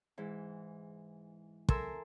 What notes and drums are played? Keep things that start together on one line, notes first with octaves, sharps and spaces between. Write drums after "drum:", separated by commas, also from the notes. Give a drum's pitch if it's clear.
G#2 E3
A4 A#4 E5 G#5 C6 E6, drum: kick